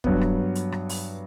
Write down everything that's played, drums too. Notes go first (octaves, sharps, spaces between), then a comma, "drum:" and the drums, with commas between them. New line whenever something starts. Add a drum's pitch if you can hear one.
G2 F#3 B3, drum: kick
drum: rim click
drum: hi-hat
drum: rim click
drum: open hi-hat